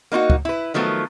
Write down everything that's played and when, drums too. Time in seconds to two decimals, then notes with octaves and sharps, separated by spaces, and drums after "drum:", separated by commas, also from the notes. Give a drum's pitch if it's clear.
0.12 A#3 D#4 F4 F#4
0.30 drum: kick
0.45 E4 B4
0.74 D#3 F3 F#3 A3 B3